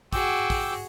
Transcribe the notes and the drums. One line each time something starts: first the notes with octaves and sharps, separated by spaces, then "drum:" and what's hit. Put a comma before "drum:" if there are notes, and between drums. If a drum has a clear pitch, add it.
F#4 G#4 G5 D6 E6, drum: kick, open hi-hat
drum: kick, open hi-hat